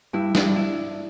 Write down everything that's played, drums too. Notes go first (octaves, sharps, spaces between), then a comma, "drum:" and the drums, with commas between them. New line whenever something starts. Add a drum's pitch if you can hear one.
G2 E4
G2 D4, drum: snare
E4